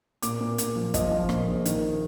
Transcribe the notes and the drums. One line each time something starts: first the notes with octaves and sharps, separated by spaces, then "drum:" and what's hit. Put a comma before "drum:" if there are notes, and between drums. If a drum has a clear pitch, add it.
A#2 D6, drum: hi-hat
A#2
A#2, drum: hi-hat
F3
F3 D#5, drum: kick, hi-hat
F3
A#2, drum: rim click
A#1
D#3, drum: hi-hat